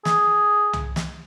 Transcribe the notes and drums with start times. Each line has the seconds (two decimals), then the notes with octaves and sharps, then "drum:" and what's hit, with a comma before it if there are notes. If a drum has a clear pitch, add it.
0.05 G#4, drum: snare
0.73 drum: tom C2
0.96 drum: snare